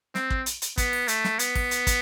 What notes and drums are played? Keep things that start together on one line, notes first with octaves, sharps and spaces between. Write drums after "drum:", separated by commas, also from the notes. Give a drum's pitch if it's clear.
C4, drum: snare
drum: kick
drum: hi-hat
drum: hi-hat
B3, drum: kick, hi-hat
drum: open hi-hat
A3, drum: hi-hat
drum: snare
B3, drum: hi-hat
drum: kick, open hi-hat
drum: hi-hat
drum: kick, hi-hat